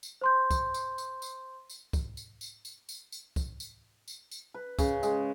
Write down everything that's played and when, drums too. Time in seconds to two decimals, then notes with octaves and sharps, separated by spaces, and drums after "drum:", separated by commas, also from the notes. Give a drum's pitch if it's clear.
0.03 drum: tambourine
0.21 C5 C6 G6
0.51 drum: kick C2, tambourine
0.74 drum: tambourine
0.98 drum: tambourine
1.22 drum: tambourine
1.70 drum: tambourine
1.93 drum: kick C2, tambourine
2.17 drum: tambourine
2.41 drum: tambourine
2.65 drum: tambourine
2.89 drum: tambourine
3.12 drum: tambourine
3.36 drum: kick C2, tambourine
3.60 drum: tambourine
4.08 drum: tambourine
4.31 drum: tambourine
4.54 B4
4.79 C#3, drum: kick C2, tambourine
5.03 G#3, drum: tambourine